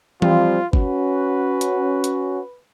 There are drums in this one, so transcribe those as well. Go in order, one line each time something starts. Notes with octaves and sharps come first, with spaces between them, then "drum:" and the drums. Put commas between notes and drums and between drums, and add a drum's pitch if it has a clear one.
F3 G3 C4 F4, drum: tom E3
C#4 F#4 B4, drum: kick
drum: hi-hat
drum: hi-hat